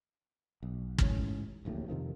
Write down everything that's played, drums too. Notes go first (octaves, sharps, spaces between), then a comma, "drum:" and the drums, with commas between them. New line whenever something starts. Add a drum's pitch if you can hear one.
B1
A1 G#2 C#4, drum: kick
D1 A#1 D#2 A2
F2 C3 D#3 F3